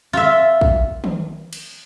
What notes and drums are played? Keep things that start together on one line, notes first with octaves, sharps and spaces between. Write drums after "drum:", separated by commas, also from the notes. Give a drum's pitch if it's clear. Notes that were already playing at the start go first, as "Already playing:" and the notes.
F4 E5
drum: kick
drum: tom D#3
drum: cymbal